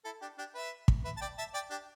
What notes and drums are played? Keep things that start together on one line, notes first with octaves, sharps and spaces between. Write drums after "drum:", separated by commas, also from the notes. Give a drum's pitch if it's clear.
E4 A4
D4 G4
D4 G4
B4 E5
drum: kick
B4 E5
A5
D5 G5
E5 A5
D5 G5
D4 G4